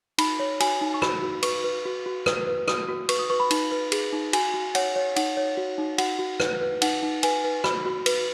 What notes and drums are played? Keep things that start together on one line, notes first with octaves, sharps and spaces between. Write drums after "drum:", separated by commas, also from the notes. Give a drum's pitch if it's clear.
D#4 B5, drum: cymbal
C#5
F#4 G#5, drum: cymbal
D#4
C#6
F#4 B5, drum: rim click
F#4
B4 C#6, drum: cymbal
B4
F#4
F#4
B4 D#6, drum: rim click
B4
F#4 D#6, drum: rim click
F#4
B4 C#6, drum: cymbal
D#6
B4 C#6
B5
D#4, drum: cymbal
B4
G#4, drum: cymbal
D#4
F#4 G#5, drum: cymbal
F#4
C#5 F#5, drum: cymbal
C#5
D#4 F#5, drum: cymbal
C#5
F#4
D#4
F#4 F#5, drum: cymbal
F#4
B4, drum: rim click
B4
D#4 F#5, drum: cymbal
D#4
B4 G#5, drum: cymbal
B4
F#4 B5, drum: rim click
F#4
B4, drum: cymbal